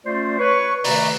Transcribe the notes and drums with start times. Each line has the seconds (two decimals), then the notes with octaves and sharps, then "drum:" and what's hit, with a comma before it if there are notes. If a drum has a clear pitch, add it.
0.05 A3 C#4 F4 C5 D5
0.39 B4 C#5 C#6
0.84 C3 D#3 A3 B4 D5 A#5, drum: open hi-hat